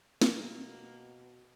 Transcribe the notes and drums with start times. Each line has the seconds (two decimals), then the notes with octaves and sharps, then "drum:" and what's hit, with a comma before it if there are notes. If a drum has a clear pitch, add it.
0.22 B2 A#3, drum: snare